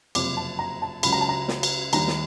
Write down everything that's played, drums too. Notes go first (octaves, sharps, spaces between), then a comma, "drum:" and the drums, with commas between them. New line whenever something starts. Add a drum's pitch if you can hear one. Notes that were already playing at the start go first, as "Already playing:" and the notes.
F#1 F2 C3 D6, drum: cymbal
A5
A#5
A5
C#2 C#3 F#3 B5, drum: cymbal
A#5
A5
A#5
drum: snare
drum: cymbal
D#2 D#3 G3 A#5, drum: cymbal
drum: snare